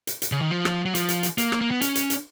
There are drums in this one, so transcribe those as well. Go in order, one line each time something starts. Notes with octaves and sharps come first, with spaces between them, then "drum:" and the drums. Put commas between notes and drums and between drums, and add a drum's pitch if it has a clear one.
drum: hi-hat
drum: hi-hat
C#3
D#3
F3
drum: rim click
F#3
F3, drum: hi-hat
drum: hi-hat
drum: hi-hat
A#3, drum: hi-hat
drum: rim click
A#3
B3
C#4, drum: hi-hat
drum: hi-hat
drum: hi-hat